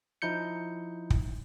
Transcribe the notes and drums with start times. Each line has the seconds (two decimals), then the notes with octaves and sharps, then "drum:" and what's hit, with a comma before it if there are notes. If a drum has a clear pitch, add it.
0.22 F3 D#4 E4 G6 C#7
1.10 drum: kick